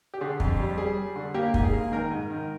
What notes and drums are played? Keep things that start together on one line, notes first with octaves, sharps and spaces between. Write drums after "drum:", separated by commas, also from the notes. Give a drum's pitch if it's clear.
G4
D3 G#4
F2, drum: kick
G3
G3 G#4
G3
D3
A#3 G4
G#2, drum: kick
G#4
A#3
D#3 A#4
G#2
D#3